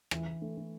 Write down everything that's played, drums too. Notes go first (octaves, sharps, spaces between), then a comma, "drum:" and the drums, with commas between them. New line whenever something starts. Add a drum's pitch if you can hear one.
E3, drum: rim click
E3
A3
A3